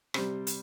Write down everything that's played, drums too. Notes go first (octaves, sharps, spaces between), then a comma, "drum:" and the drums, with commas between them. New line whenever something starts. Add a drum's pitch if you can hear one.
C3 G3 C5, drum: rim click
drum: hi-hat